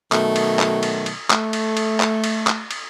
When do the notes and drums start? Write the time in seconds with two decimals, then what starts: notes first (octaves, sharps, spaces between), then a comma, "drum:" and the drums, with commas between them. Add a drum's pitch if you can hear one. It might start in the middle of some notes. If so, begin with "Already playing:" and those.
0.12 B2 D#3 F#3 A3, drum: clap
0.36 drum: cymbal
0.59 drum: clap
0.83 drum: cymbal
1.06 drum: cymbal
1.30 A3, drum: clap
1.53 drum: cymbal
1.77 drum: cymbal
2.00 drum: clap
2.24 drum: cymbal
2.47 drum: clap
2.71 drum: cymbal